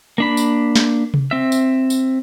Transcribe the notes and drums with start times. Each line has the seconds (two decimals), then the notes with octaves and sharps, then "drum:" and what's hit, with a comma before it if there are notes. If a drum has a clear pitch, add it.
0.18 A#3 D4 B5
0.37 drum: tambourine
0.76 drum: snare
1.14 drum: tom C3
1.31 C4 E5
1.52 drum: tambourine
1.90 drum: tambourine